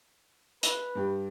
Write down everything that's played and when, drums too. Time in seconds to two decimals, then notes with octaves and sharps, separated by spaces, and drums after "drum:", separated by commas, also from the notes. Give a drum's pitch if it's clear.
0.63 B4, drum: hi-hat
0.95 G2 G4